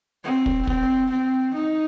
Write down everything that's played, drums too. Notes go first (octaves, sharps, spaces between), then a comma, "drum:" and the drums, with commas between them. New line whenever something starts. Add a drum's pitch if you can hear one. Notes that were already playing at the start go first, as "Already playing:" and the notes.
C4
drum: kick
C4, drum: kick
C4
D#4